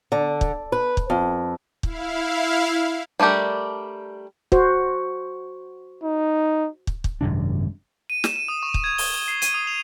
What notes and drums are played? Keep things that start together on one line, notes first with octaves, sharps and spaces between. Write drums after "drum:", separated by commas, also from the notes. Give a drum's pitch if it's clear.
D3
drum: kick
B4
drum: kick
F2
E4 F5, drum: kick
G3 A3 D4 G4 A#4
F#4 C5, drum: kick
D#4
drum: kick
drum: kick
G#1 F#2 C3 D4
D#7
E7, drum: snare
D#7
D#6
C#6
drum: kick
G#6
G7, drum: open hi-hat
D#6
C7
D#7, drum: hi-hat
D#6
F7